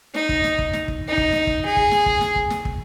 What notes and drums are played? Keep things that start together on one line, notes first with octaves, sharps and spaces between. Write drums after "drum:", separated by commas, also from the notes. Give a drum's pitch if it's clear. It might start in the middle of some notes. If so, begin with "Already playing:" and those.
D#4, drum: snare
drum: kick
drum: snare
drum: kick
drum: snare
drum: kick
D#4
drum: kick
drum: snare
drum: kick
G#4
drum: kick
drum: snare
drum: kick
drum: snare
drum: kick
drum: snare
drum: kick